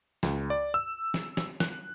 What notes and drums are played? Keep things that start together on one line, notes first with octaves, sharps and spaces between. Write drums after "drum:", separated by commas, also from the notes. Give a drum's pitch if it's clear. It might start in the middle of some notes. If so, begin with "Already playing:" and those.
C#2, drum: snare
D5
E6
drum: snare
drum: snare
F#6, drum: snare